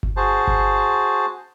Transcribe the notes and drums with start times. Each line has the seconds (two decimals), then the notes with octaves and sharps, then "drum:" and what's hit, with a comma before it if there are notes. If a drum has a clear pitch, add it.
0.03 drum: kick G1
0.17 F#4 G#4 C5 A5
0.47 drum: kick G1